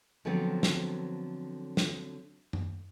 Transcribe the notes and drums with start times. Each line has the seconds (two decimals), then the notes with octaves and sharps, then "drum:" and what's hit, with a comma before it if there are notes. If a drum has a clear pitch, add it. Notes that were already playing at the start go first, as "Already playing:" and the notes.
0.25 D3 F3 F#3 B3 C4 F4
0.63 drum: snare
1.77 drum: snare
2.53 drum: tom F#2